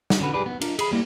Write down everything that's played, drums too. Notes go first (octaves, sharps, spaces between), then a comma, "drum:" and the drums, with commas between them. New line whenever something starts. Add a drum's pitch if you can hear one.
drum: snare
D3 C#4 F#4 B4
G4 G#4 B4 D5
B3
D4 F4 A#4, drum: cymbal
G#4 B5, drum: cymbal
G3 A#3 E4 D#5